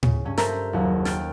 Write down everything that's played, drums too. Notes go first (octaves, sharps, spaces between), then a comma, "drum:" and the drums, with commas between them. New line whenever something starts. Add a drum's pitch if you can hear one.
C#3, drum: tom A2
G2 C#4
A4 A#4 C5 E5 A#5 G6, drum: snare
F#1 D#2
G5 F6 A6, drum: snare